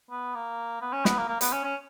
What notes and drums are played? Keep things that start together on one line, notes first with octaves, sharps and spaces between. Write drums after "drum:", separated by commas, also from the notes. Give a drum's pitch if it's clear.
B3
A#3
B3
C#4
B3, drum: snare
A#3
A#3
B3, drum: hi-hat
C#4
C#4